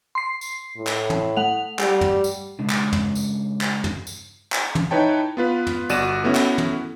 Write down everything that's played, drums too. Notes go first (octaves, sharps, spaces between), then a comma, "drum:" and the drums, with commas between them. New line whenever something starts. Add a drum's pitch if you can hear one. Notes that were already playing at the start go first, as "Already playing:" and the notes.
C6 C7
drum: tambourine
A2
drum: clap
drum: tom
A3 F#5 F7
G3, drum: clap
drum: tom
drum: tambourine
C#3 G#3 D4
drum: clap
drum: tom
drum: tambourine
drum: clap
drum: tom
drum: tambourine
drum: clap
drum: tom
D#4 E4 B4 C#5 G5 A5
B3 F4 B4
drum: tom
G1 F#4 D5 F#6 D#7 E7, drum: tambourine
A3 B3 C#4 E4 F#4
drum: clap
drum: tom